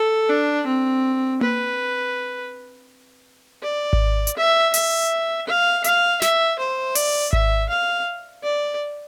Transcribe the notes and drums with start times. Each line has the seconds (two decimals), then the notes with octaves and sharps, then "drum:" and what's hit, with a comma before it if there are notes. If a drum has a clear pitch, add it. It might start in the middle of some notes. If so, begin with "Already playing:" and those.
Already playing: A4
0.29 D4
0.67 C4
1.41 B4, drum: tom A#3
3.63 D5
3.93 drum: kick G#1
4.27 drum: hi-hat
4.37 E5
4.74 E5, drum: open hi-hat
5.47 F5
5.84 F5, drum: hi-hat
6.22 E5, drum: snare
6.59 C5
6.95 D5, drum: open hi-hat
7.33 E5, drum: kick G#1
7.69 F5
8.43 D5